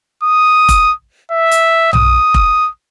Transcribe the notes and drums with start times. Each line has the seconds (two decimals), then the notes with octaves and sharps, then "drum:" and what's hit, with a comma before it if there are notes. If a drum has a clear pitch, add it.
0.23 D#6
0.69 drum: kick F1, hi-hat
1.31 E5
1.51 drum: hi-hat
1.93 D#6, drum: tom B1
2.34 drum: kick F1